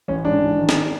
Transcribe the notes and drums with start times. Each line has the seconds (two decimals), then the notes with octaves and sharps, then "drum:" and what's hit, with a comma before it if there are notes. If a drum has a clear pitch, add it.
0.08 A1 C#4
0.25 G#2 D4
0.42 A1
0.58 D#3
0.69 drum: snare